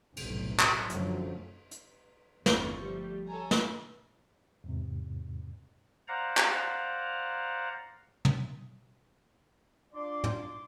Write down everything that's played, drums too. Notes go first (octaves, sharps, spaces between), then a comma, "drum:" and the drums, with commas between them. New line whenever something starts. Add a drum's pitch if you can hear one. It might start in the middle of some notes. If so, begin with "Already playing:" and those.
F1 B1 A2, drum: cymbal
drum: clap
F#2 D3 F3 F#3 A3, drum: hi-hat
drum: hi-hat
G1 E2 C4 F4 C5 C#6, drum: snare
F3 G3 A3
A4 C#5 G#5 A#5
drum: snare
E2 G#2 C3
C5 D5 F5 F#5 A#5
drum: clap
drum: tom
D4 F4 D5 C6 D6
drum: tom